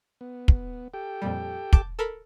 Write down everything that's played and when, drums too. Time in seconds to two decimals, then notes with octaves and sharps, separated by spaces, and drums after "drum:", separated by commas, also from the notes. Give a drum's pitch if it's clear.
0.21 B3
0.48 drum: kick
0.94 G4 A4 G5
1.22 F2 A#2 G3
1.73 A5 D6 G6, drum: kick
1.99 A4 A#4 B5